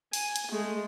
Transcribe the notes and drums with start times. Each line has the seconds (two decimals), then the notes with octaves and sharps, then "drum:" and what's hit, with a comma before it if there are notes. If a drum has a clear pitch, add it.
0.13 G#5, drum: open hi-hat
0.36 drum: hi-hat
0.51 G#3 A3